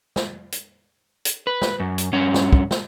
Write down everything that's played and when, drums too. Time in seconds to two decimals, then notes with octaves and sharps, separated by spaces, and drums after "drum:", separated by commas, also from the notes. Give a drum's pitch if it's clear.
0.16 drum: snare
0.52 drum: hi-hat
1.25 drum: hi-hat
1.47 B4
1.62 drum: snare
1.80 F#2
1.98 drum: hi-hat
2.13 G2 C#4 C#5
2.34 drum: snare
2.53 drum: kick
2.71 drum: snare